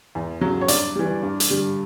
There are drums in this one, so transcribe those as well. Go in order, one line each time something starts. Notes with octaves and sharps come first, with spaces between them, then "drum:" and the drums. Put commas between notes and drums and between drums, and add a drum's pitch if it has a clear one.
E2
C#3 F#3
C#5
G2 D5, drum: hi-hat
E3 G3
G2
drum: hi-hat
D3 G3